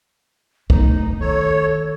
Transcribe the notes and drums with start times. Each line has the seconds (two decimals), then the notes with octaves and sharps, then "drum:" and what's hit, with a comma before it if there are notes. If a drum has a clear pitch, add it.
0.70 E2 A3 D#4, drum: kick
1.20 D#3 A4 C#5